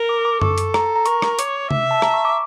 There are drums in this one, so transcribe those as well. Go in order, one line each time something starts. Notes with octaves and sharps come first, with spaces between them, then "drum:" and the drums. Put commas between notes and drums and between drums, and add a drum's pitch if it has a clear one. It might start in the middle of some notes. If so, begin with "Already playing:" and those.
Already playing: A#4
D6
D6
A4 C#6, drum: tom F#2
drum: hi-hat
A#5, drum: rim click
A#5
A#4 C#6, drum: hi-hat
drum: rim click
C#5 D6, drum: hi-hat
E5, drum: tom C3
A5
A#5, drum: rim click
C#6
D6